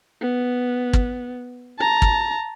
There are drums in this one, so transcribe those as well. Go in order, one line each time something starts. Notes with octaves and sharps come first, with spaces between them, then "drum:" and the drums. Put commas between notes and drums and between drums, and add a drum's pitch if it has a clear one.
B3
drum: kick
A5 A#5
drum: kick